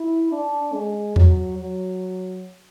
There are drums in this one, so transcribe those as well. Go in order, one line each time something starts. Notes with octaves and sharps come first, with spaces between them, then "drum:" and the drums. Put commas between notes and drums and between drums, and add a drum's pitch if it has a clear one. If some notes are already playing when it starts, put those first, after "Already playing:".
Already playing: E4
D4
G#3
F#3, drum: tom E2
F#3